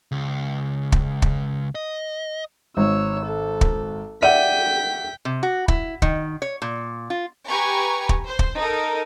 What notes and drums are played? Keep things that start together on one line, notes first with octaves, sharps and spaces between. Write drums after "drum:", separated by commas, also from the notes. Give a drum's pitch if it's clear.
C#2
drum: kick
drum: kick
D#5
G#1 C#5 E6
A4
drum: kick
D5 E5 F#5 G5 B6 D#7
C3
F#4
E4, drum: kick
D#3, drum: kick
C#5
A#2
F4
G4 B4 G#5 A#5 C#6
drum: kick
C5
drum: kick
D#4 A4 A#4